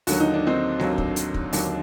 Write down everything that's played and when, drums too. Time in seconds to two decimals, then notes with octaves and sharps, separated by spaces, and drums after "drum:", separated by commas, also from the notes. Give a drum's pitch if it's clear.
0.07 D#2 D3 F#3 F#4, drum: open hi-hat
0.20 D#4
0.34 D4
0.47 C4 D#4
0.80 D#2 D3 F#3, drum: snare G#3
0.98 drum: kick
1.16 drum: hi-hat
1.34 drum: kick
1.53 D#2 D3 F#3 D4, drum: open hi-hat